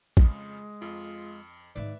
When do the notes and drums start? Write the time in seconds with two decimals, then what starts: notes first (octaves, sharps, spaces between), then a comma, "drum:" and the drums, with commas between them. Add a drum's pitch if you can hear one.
0.17 F2 C#3 G#3 F4, drum: kick A#1
0.82 F2 F4
1.76 G#2 D#3 B4 D5 E5